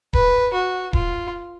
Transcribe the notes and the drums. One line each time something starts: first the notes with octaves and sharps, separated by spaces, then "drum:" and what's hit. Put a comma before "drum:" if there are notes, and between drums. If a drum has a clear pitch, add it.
B4, drum: kick D#1
F#4
F4, drum: kick D#1